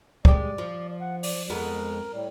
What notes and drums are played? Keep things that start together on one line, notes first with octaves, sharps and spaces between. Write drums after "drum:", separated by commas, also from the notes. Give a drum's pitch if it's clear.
G#3 G4 D5, drum: kick
F3
F#5
D5, drum: open hi-hat
F2 G#3 B3 A#4
A2 G3